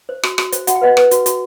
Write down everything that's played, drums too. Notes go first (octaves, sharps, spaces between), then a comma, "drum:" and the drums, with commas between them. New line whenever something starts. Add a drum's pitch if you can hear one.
C5
F#4, drum: rim click
F#4, drum: rim click
C5, drum: hi-hat
F#4 F#5, drum: hi-hat
G5
B4 D#5 F#5
B4, drum: rim click
F#4, drum: hi-hat
F#4, drum: hi-hat